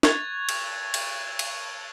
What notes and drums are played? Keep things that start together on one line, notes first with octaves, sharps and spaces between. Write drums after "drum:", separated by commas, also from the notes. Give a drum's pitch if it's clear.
C#6 F#6 G#6 A6 F7, drum: snare
drum: cymbal
drum: cymbal
drum: cymbal